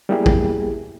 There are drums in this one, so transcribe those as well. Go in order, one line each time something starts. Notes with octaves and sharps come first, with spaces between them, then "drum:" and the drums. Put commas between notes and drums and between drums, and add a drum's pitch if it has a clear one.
G3 A#3 B3 E4 G4 G#4
drum: kick A1